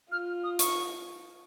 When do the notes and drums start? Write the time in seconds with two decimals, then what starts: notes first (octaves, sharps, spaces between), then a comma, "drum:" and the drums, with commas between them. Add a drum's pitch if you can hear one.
0.12 F4 F6
0.44 D#6
0.59 C#6, drum: hi-hat